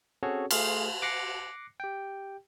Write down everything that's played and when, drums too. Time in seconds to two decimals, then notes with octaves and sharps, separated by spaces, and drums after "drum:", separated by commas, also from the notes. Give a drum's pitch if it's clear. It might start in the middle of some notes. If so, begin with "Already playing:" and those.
0.23 C4 C#4 F#4 G#4 A4 C#5
0.51 A3 G#4 F5 C6, drum: cymbal
1.02 D6 F#6 A#6 C7 C#7
1.80 G4 G5